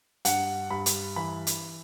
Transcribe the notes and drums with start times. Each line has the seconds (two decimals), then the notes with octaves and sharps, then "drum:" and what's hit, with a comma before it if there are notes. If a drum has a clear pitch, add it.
0.25 G2 F#5, drum: hi-hat
0.71 G2 B5
0.86 drum: hi-hat
1.16 E3 B5
1.47 drum: hi-hat